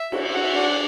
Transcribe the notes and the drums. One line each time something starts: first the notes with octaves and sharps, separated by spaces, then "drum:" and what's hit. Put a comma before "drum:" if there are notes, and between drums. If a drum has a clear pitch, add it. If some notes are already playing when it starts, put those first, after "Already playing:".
Already playing: E5
F#4, drum: cymbal
F#4 F#5
E5
D4 F#5